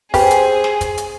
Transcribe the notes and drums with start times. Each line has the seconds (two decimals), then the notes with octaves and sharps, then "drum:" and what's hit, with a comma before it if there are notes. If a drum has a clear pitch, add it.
0.14 C4 G4 G#4 B4 C5 G#5, drum: kick, open hi-hat
0.31 drum: hi-hat
0.64 drum: snare
0.81 drum: kick, hi-hat
0.98 drum: hi-hat